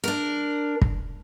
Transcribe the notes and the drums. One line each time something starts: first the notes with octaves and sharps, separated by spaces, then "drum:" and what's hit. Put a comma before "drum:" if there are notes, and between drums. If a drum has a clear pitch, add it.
D4 A#4
drum: kick